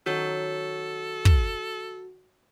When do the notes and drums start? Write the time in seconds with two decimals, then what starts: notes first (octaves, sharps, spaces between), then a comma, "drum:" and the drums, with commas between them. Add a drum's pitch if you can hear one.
0.06 D#3 F#3 C#4 F#4 A4
1.25 drum: kick